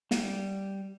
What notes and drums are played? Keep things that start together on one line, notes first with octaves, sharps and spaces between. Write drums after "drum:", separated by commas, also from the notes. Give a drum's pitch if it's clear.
G3, drum: snare